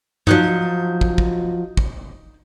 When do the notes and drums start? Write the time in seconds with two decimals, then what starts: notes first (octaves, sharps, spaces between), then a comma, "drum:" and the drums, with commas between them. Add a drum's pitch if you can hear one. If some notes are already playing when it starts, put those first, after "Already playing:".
0.27 F3 F#3 D#4 F#6, drum: tom G2
1.01 drum: kick
1.18 drum: kick
1.77 drum: kick